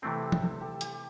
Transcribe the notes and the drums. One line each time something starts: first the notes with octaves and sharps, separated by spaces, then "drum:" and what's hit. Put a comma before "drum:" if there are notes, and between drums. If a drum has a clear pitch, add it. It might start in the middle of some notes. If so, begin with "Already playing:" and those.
C3 E3 A3 C4 A4
G4
drum: tom E3
A4
G4
G4, drum: hi-hat